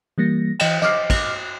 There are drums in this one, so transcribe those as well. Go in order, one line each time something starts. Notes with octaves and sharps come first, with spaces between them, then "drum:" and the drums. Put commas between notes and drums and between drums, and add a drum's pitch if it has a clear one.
E3 G3 A#3 A#6
E3 D#5 G5, drum: cymbal
D#5 D6 F6 C7, drum: snare
drum: kick, cymbal